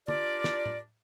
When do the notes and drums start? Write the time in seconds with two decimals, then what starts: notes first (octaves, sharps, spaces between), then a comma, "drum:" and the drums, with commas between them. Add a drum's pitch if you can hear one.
0.08 D4 F4 G4 A#4 D5, drum: tom
0.44 drum: snare
0.66 drum: tom A2